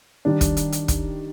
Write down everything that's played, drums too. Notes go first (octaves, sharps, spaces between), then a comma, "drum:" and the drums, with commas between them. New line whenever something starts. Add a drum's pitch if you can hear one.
D#3 G3 D4
drum: kick, hi-hat
drum: hi-hat
drum: hi-hat
drum: kick, hi-hat